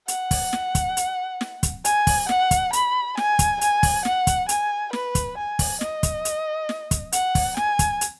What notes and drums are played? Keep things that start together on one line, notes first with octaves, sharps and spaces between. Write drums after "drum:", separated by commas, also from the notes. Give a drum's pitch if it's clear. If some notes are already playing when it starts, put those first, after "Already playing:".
F#5, drum: hi-hat
drum: kick, open hi-hat
drum: snare
drum: kick, hi-hat
drum: hi-hat
drum: snare
drum: kick, hi-hat
G#5, drum: hi-hat
drum: kick, open hi-hat
F#5, drum: snare
drum: kick, hi-hat
B5, drum: hi-hat
G#5, drum: snare
drum: kick, hi-hat
G#5, drum: hi-hat
drum: kick, open hi-hat
F#5, drum: snare
drum: kick, hi-hat
G#5, drum: hi-hat
B4, drum: snare
drum: kick, hi-hat
G#5
drum: kick, open hi-hat
D#5, drum: snare
drum: kick, hi-hat
drum: hi-hat
drum: snare
drum: kick, hi-hat
F#5, drum: hi-hat
drum: kick, open hi-hat
G#5, drum: snare
drum: kick, hi-hat
drum: hi-hat